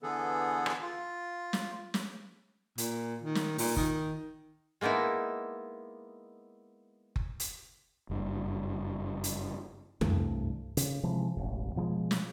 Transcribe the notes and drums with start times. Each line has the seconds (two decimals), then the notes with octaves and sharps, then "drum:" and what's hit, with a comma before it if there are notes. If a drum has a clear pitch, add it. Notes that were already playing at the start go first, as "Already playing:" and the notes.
0.03 D3 E3 B3 G#4 A4
0.66 drum: rim click
0.81 F4
1.53 drum: snare
1.94 drum: snare
2.78 A#2, drum: hi-hat
3.22 D#3
3.35 drum: snare
3.58 A#2, drum: open hi-hat
3.76 D#3, drum: kick F#1
4.81 G#3 A#3 B3 D#4 E4
7.16 drum: kick F#1
7.40 drum: hi-hat
8.10 F#1 G2
9.24 drum: hi-hat
10.01 C2 G2 E3 A3, drum: tom F2
10.77 C#3, drum: hi-hat
11.03 C3 E3 F3 G#3
11.36 E1 A1 D#2
11.76 B2 F3 F#3 G#3
12.11 drum: snare